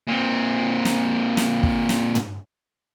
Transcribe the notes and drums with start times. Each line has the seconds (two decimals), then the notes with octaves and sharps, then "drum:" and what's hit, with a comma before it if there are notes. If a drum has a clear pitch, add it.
0.07 A#2 C4
0.85 drum: snare
1.37 drum: snare
1.63 drum: kick
1.89 drum: snare
2.15 drum: tom